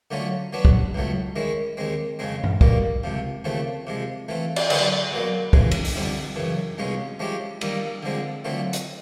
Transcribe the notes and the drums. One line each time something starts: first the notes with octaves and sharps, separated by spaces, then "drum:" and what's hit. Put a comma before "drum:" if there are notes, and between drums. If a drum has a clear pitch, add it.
D3 F#3 A3 C#4 F4
F#3 B3 D4 F#4
drum: kick
C#2 B2 F#3 A3
D#3 G#3 C#4 E4
D#2 D#3 G#3 C4
F2 C#3 F3 G#3 C4
drum: tom G2
B2 G3 A#3, drum: kick
C#2 C3 F3
D#2 C#3 F3 A3 C4
C3 F3 G#3
E3 A3 C4 F4
drum: cymbal
D3 F#3 B3 E4, drum: cymbal
B2 F#3 A#3
F2 C#3 E3 G#3, drum: kick
drum: cymbal
drum: open hi-hat
F2 D3 G3 C4 E4
F#2 C#3 E3
C2 B2 G#3 C#4 F4
F3 G#3 C#4 E4 G4
D#3 G3 A#3 D#4, drum: cymbal
D3 F3 G#3 C4
D3 F#3 A3 C4 F4
drum: hi-hat